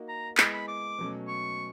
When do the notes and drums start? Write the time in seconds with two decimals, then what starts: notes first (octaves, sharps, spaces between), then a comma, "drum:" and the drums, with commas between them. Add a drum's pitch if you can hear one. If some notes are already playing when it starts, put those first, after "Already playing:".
Already playing: A#3 D#4 F#4
0.09 A#5
0.38 G#3 B3 E4 G#4 B5, drum: clap
0.53 B5
0.68 D6
0.99 B2 F#3 A3 C#4
1.28 C#6